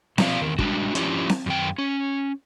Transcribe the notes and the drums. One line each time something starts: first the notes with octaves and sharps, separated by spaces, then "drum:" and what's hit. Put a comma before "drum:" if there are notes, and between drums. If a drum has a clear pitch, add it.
B2 F3 A#4 D5 F5, drum: snare C4
E2 D#3 A#4
G3 G#3 D4 F#4, drum: kick
F3 C#4 D4 E4 F4 G4, drum: hi-hat
drum: snare C4
F#2 D#3 G5
C#4